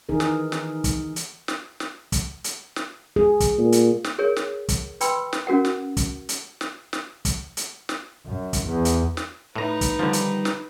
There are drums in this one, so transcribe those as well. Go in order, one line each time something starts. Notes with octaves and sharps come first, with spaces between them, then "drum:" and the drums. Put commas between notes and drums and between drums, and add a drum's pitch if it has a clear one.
D#3 E3 D#4 G#4 A#4
drum: snare
drum: snare
drum: kick, hi-hat
drum: hi-hat
drum: snare
drum: snare
drum: kick, hi-hat
drum: hi-hat
drum: snare
G#4
drum: kick, hi-hat
A#2
drum: hi-hat
drum: snare
G#4 A#4 C#5
drum: snare
drum: kick, hi-hat
B4 G5 B5 C6 E6, drum: hi-hat
drum: snare
C#4 F#4 A#4 F#5
drum: snare
drum: kick, hi-hat
drum: hi-hat
drum: snare
drum: snare
drum: kick, hi-hat
drum: hi-hat
drum: snare
F#2
drum: kick, hi-hat
E2
drum: hi-hat
drum: snare
A2 D#4 B4 A#5
drum: kick, hi-hat
D3 D#3 F3 G3
drum: hi-hat
drum: snare